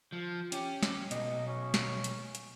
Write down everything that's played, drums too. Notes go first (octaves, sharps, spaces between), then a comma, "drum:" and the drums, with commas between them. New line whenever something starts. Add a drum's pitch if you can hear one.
F3
C#4 G4, drum: hi-hat
drum: snare
B1 B2 D#5, drum: hi-hat
C#4
drum: snare
drum: hi-hat
drum: hi-hat